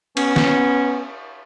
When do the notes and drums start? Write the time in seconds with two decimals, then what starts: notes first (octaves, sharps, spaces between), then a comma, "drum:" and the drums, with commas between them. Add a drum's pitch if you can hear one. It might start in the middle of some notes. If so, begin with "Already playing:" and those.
0.17 B3 C#4, drum: cymbal
0.36 drum: snare